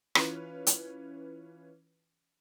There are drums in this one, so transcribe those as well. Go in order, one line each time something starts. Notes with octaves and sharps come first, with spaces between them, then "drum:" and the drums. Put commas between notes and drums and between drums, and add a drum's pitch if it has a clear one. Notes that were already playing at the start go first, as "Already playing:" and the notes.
E3 C#4 F4 B4, drum: rim click
drum: hi-hat